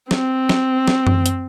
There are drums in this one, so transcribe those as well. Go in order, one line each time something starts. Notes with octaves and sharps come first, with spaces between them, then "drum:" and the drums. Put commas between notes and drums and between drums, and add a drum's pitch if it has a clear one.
C4, drum: snare
drum: snare
drum: snare
drum: tom F#2
drum: hi-hat